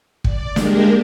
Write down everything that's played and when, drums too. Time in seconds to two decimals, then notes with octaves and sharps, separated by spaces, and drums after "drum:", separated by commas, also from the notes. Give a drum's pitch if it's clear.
0.24 D5, drum: kick
0.56 G#3 A#3 D4 G4 A#4, drum: snare